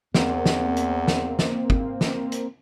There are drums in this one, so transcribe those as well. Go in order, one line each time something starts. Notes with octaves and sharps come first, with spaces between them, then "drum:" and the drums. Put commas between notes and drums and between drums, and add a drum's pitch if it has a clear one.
E2 A#3 C4, drum: snare
drum: snare
drum: hi-hat
drum: snare
drum: snare
drum: kick
drum: snare
drum: hi-hat